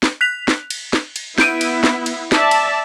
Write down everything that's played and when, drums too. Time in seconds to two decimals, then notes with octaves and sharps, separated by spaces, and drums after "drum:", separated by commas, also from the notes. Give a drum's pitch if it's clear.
0.03 drum: snare
0.21 F#6 B6 F7
0.48 drum: snare
0.70 drum: cymbal
0.93 drum: snare
1.16 drum: cymbal
1.38 B3 E4 G6 D7 D#7, drum: snare
1.61 drum: cymbal
1.84 drum: snare
2.06 drum: cymbal
2.32 D5 E5 A5, drum: snare
2.51 drum: cymbal